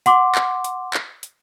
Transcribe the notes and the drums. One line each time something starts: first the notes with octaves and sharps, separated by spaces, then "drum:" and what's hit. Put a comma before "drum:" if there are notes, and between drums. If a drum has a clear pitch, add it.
F#5 C6 D6, drum: hi-hat
drum: clap
drum: hi-hat
drum: clap
drum: hi-hat